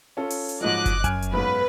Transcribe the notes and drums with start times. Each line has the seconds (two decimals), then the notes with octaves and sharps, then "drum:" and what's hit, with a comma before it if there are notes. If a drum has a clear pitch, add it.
0.17 C#4 F4 A4
0.30 drum: open hi-hat
0.49 drum: hi-hat
0.61 G#2 F3 F#3 D#5 D6 F#6
0.86 drum: kick, hi-hat
1.04 F#2 G#5 F6 D7, drum: kick, hi-hat
1.22 drum: hi-hat
1.33 B1 G#2 B4